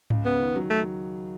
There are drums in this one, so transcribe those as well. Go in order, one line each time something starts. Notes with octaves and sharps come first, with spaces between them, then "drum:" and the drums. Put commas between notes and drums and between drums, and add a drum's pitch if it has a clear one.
C#2, drum: tom G#2
C#3 B3
D#3
F#3
A3